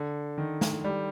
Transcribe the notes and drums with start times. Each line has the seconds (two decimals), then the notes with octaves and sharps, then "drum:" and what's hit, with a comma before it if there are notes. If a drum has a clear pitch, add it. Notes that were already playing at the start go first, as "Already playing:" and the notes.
Already playing: D3
0.38 D#3
0.61 drum: snare
0.84 G3